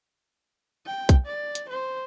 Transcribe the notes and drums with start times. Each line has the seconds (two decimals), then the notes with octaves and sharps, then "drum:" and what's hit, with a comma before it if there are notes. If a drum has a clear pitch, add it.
0.86 G5
1.09 drum: kick B1, hi-hat
1.26 D5
1.55 drum: hi-hat
1.69 C5